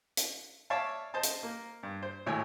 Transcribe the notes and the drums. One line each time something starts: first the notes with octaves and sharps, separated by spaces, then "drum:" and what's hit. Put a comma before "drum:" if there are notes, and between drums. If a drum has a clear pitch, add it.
drum: hi-hat
C#5 D5 E5 F5 A5
C5 D#5 A5
drum: hi-hat
A#3
G2
C5
G#1 D#2 A2 C#5 G#5